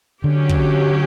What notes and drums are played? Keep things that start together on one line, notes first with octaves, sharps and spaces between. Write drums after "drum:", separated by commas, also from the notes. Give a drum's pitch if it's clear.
D3 F#3 C#4 G4
drum: kick